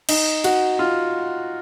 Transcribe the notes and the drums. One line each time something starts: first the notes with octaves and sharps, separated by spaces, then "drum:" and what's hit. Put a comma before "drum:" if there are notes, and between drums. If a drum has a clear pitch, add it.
D#4, drum: cymbal
F#4, drum: cymbal
F4